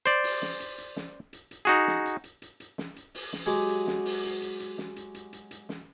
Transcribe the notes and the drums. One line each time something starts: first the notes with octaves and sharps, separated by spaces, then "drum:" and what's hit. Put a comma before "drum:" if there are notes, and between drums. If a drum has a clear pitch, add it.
C5 D5, drum: hi-hat
drum: open hi-hat
drum: snare
drum: hi-hat
drum: hi-hat
drum: snare
drum: hi-hat
drum: hi-hat
D#4 F#4 G#4
drum: snare
drum: hi-hat
drum: hi-hat
drum: hi-hat
drum: hi-hat
drum: snare
drum: hi-hat
drum: open hi-hat
drum: snare
F#3 G#3 G4 G#4
drum: hi-hat
drum: snare
drum: open hi-hat
drum: hi-hat
drum: hi-hat
drum: hi-hat
drum: snare
drum: hi-hat
drum: hi-hat
drum: hi-hat
drum: hi-hat
drum: snare